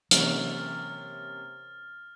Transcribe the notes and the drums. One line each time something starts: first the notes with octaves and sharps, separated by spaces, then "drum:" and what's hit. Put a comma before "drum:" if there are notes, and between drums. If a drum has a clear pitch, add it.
C3 E3 F#3 A#3 C#4 F6 A6, drum: hi-hat